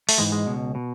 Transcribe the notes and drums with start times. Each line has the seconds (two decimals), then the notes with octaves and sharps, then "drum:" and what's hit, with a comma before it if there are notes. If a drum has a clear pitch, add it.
0.09 A3, drum: open hi-hat
0.18 G#2 E3 G#3
0.32 G#3
0.46 C#2 B2
0.75 B2